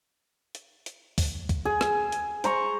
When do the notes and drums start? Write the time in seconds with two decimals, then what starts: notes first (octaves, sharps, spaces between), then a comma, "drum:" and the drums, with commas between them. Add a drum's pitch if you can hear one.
0.55 drum: hi-hat
0.86 drum: hi-hat
1.18 drum: kick C#2, open hi-hat
1.49 drum: kick C#2, hi-hat
1.65 G#4
1.81 drum: rim click
2.12 drum: hi-hat
2.44 C5 A#5 C#6, drum: hi-hat